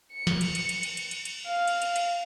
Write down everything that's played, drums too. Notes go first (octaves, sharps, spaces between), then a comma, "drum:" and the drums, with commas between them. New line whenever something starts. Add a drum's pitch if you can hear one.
C#7
drum: snare
drum: cymbal
drum: cymbal
drum: cymbal
drum: cymbal
drum: cymbal
drum: cymbal
drum: cymbal
F5
drum: cymbal
drum: cymbal
drum: cymbal